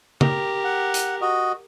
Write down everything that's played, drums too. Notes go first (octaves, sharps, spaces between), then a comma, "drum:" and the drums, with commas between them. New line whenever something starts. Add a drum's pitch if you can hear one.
G4 A#4, drum: tom C#3
F#5
drum: hi-hat
F#4 D#5